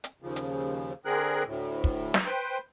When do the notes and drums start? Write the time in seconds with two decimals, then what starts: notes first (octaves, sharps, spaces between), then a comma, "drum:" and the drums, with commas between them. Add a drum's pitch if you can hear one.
0.04 drum: hi-hat
0.22 D#2 C#3 F3
0.36 drum: hi-hat
1.05 D3 C4 G#4 A#4 F#6
1.46 D2 A2
1.84 drum: kick
2.14 drum: snare
2.26 B4 C5 G5